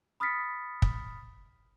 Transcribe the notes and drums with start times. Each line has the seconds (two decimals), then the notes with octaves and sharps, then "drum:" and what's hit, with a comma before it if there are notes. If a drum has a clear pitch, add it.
0.20 B5 D#6 F6 A6 B6 C#7
0.82 drum: kick